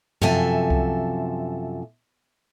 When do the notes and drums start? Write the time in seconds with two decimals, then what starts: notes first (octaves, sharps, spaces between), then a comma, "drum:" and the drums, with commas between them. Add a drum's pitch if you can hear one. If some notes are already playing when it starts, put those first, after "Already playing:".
0.22 F#2 C3 F3 A4 E5 G#5, drum: tom F#2
0.70 drum: kick C2